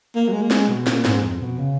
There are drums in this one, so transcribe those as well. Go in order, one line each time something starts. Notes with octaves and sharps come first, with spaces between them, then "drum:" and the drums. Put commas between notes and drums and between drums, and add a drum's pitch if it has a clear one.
A#3
F#3
G#3
A#3
G#3, drum: snare
B2
A#2, drum: snare
G#2, drum: snare
F2
B2
C#3